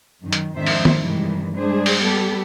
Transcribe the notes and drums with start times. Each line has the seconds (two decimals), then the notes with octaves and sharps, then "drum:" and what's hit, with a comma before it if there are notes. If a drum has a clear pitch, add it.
0.21 F#2 D#3
0.33 drum: hi-hat
0.54 F2 G#2 D#3 D4 C5 E5
0.66 drum: open hi-hat
0.85 drum: tom
0.98 G2 C3 D#3 E3 G3 G#3
1.56 G3 G#3 D4 G#4 C5
1.86 drum: open hi-hat
2.00 G3 B3 G4 A4